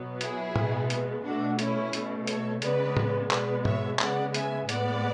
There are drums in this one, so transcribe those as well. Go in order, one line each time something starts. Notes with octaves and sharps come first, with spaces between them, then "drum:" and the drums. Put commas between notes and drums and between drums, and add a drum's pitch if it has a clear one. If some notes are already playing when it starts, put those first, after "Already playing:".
Already playing: B2 F#3 B3
E4 G#4, drum: hi-hat
B2 G#3 B3, drum: tom A2
drum: hi-hat
B2 A3 D4 F#4
C#4 E4, drum: hi-hat
B2 A3, drum: hi-hat
A4 C#5, drum: hi-hat
C#3 G#3 B3 B4 D5, drum: hi-hat
drum: tom A2
B2 G#3 B3 B4 D5, drum: clap
C#5 E5, drum: tom G#2
C#3 G#3 B3 D5 F#5, drum: clap
E5 G#5, drum: hi-hat
A2 G#3 B3 D5 F#5, drum: hi-hat